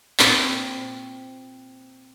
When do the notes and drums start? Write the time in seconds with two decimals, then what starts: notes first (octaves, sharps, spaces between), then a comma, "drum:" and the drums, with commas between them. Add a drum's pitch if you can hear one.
0.19 A#2 C4, drum: clap